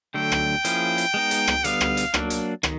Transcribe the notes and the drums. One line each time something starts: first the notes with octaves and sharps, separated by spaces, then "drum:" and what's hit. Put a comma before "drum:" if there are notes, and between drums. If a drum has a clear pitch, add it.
D3 F#3 A3 G5
drum: rim click
F3 A#3 C#4 E4 G#4, drum: hi-hat
drum: hi-hat
G#3 B3 D#4
drum: hi-hat
drum: rim click
D3 G3 B3 F5, drum: hi-hat
drum: rim click
drum: hi-hat
F#3 A#3 D4, drum: rim click
drum: hi-hat
D#3, drum: rim click